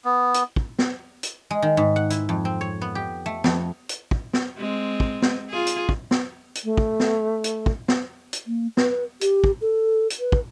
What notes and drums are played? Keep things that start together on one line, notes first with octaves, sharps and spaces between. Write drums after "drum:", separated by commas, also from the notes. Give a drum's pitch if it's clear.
B3
drum: hi-hat
drum: kick
drum: snare
drum: hi-hat
G#3
D#3
G#2
F#5
E4, drum: hi-hat
F2
C4
C#5
B3
G4
A3
F2, drum: snare
drum: hi-hat
drum: kick
drum: snare
G#3 C4
drum: kick
drum: snare
F4 G#4
drum: hi-hat
drum: kick
drum: snare
drum: hi-hat
A3
drum: kick
drum: snare
drum: hi-hat
drum: kick
drum: snare
drum: hi-hat
A#3
B4, drum: snare
G4, drum: hi-hat
drum: kick
A4
drum: hi-hat
B4
drum: kick